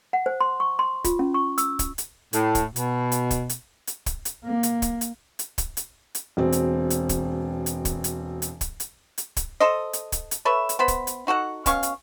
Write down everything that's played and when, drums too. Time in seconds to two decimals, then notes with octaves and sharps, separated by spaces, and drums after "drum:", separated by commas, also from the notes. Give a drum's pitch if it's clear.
0.13 F#5
0.26 C5
0.41 C6
0.60 C#6
0.79 C6
1.04 F4, drum: kick, hi-hat
1.19 C#4
1.34 C#6
1.58 E6, drum: hi-hat
1.79 drum: kick, hi-hat
1.98 drum: hi-hat
2.33 A2, drum: hi-hat
2.55 drum: kick, hi-hat
2.76 B2, drum: hi-hat
3.12 drum: hi-hat
3.31 drum: kick, hi-hat
3.49 drum: hi-hat
3.87 drum: hi-hat
4.06 drum: kick, hi-hat
4.25 drum: hi-hat
4.44 A#3
4.63 drum: hi-hat
4.82 drum: kick, hi-hat
5.01 drum: hi-hat
5.39 drum: hi-hat
5.58 drum: kick, hi-hat
5.77 drum: hi-hat
6.15 drum: hi-hat
6.37 E1 B2 C4
6.52 drum: hi-hat
6.90 drum: hi-hat
7.09 drum: kick, hi-hat
7.66 drum: hi-hat
7.85 drum: kick, hi-hat
8.04 drum: hi-hat
8.42 drum: hi-hat
8.61 drum: kick, hi-hat
8.80 drum: hi-hat
9.18 drum: hi-hat
9.37 drum: kick, hi-hat
9.60 A4 C5 D#5
9.93 drum: hi-hat
10.12 drum: kick, hi-hat
10.31 drum: hi-hat
10.45 A4 B4 C#5 E5
10.69 drum: hi-hat
10.79 B3 C5 B5
10.88 drum: kick, hi-hat
11.07 drum: hi-hat
11.27 D#4 F#4 A4 F#5
11.66 B2 C#4 F5 C#6, drum: kick, hi-hat
11.83 drum: hi-hat